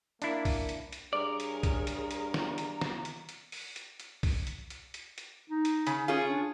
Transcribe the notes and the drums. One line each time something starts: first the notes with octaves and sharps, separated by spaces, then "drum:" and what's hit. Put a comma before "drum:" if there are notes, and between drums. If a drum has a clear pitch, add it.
A#3 D4 E4, drum: hi-hat
drum: kick B1, open hi-hat
drum: hi-hat
drum: hi-hat
G2 G#4 A#4 C#5 D5
drum: hi-hat
drum: kick B1, hi-hat
drum: hi-hat
drum: hi-hat
drum: snare
drum: hi-hat
drum: snare
drum: hi-hat
drum: hi-hat
drum: open hi-hat
drum: hi-hat
drum: hi-hat
drum: kick B1, open hi-hat
drum: hi-hat
drum: hi-hat
drum: hi-hat
drum: hi-hat
D#4
drum: hi-hat
C#3, drum: hi-hat
C#4 F4 G#4 C#5
D4